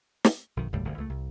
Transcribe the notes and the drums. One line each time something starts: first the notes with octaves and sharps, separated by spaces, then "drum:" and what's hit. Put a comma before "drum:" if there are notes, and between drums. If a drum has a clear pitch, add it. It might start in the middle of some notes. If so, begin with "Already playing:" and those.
drum: snare
B1 F#2 D#3
F#1 D#2 A2 G3
F#1 D2 C3
C#2 A3
C2